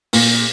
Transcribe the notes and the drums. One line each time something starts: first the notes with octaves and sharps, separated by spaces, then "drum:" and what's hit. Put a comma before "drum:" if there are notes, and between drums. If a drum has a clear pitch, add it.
A#2, drum: open hi-hat